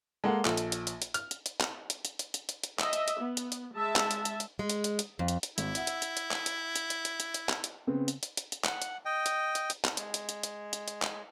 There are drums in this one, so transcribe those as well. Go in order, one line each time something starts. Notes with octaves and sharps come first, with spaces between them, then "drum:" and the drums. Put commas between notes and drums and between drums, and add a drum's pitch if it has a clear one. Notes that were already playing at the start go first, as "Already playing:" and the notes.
G#3 A#3 A4 F#5
A#1 A4, drum: clap
drum: hi-hat
drum: hi-hat
drum: hi-hat
drum: hi-hat
F6, drum: hi-hat
drum: hi-hat
drum: hi-hat
drum: clap
drum: hi-hat
drum: hi-hat
drum: hi-hat
drum: hi-hat
drum: hi-hat
drum: hi-hat
D#5 E5, drum: clap
drum: hi-hat
drum: hi-hat
B3
drum: hi-hat
drum: hi-hat
G#3 E5 A5
drum: clap
drum: hi-hat
drum: hi-hat
drum: hi-hat
G#3
drum: hi-hat
drum: hi-hat
drum: hi-hat
F2
drum: hi-hat
drum: hi-hat
G#1 E4, drum: hi-hat
E5 F#5 E6, drum: hi-hat
drum: hi-hat
drum: hi-hat
drum: hi-hat
drum: clap
drum: hi-hat
drum: hi-hat
drum: hi-hat
drum: hi-hat
drum: hi-hat
drum: hi-hat
drum: clap
drum: hi-hat
C#3 B3 C4
drum: hi-hat
drum: hi-hat
drum: hi-hat
drum: hi-hat
F#5, drum: clap
drum: hi-hat
D#5 G5
drum: hi-hat
drum: hi-hat
drum: hi-hat
drum: clap
G#3, drum: hi-hat
drum: hi-hat
drum: hi-hat
drum: hi-hat
drum: hi-hat
drum: hi-hat
drum: clap